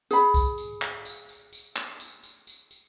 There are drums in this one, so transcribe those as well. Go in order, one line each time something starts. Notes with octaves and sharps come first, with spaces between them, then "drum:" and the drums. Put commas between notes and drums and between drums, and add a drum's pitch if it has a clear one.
G#4 B5, drum: tambourine
drum: kick B1, tambourine
drum: tambourine
drum: clap
drum: tambourine
drum: tambourine
drum: tambourine
drum: clap
drum: tambourine
drum: tambourine
drum: tambourine
drum: tambourine